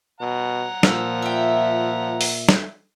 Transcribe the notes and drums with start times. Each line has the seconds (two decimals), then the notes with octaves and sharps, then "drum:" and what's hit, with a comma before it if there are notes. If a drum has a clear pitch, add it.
0.21 B2 F#5 A#5
0.83 A#2 F3 F5 E6, drum: snare
1.22 E5 G5
2.21 drum: open hi-hat
2.49 drum: snare